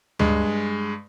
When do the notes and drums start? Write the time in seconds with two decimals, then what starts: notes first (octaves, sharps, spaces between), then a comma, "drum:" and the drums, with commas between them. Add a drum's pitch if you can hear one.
0.19 G2 G#3, drum: tom D2